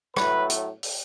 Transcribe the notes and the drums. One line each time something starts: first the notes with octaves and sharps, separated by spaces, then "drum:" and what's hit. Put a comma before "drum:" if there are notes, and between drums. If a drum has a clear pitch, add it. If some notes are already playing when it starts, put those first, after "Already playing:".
A2 F#3 A3 B4, drum: rim click
drum: hi-hat
drum: open hi-hat